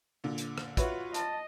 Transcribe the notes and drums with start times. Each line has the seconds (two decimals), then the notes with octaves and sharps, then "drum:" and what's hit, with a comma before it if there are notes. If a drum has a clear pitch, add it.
0.24 A#2 D3
0.38 drum: hi-hat
0.58 drum: rim click
0.77 F4 F#4 B4 C#5 E5, drum: kick, hi-hat
1.14 D#5 A5, drum: hi-hat